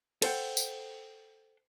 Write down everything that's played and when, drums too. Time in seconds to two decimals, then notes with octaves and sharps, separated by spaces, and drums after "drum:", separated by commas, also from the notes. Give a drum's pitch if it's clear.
0.22 A4 C5 F#5 G5, drum: cymbal
0.57 drum: tambourine